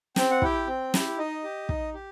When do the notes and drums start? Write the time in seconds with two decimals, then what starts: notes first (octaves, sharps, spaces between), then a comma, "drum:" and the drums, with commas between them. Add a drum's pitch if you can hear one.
0.16 C4 G5, drum: snare
0.31 F#5
0.42 E4 G4 G5, drum: kick
0.67 C4
0.94 E4 G4, drum: snare
1.18 D#4 D#5
1.44 G4
1.69 D#4, drum: kick
1.94 G4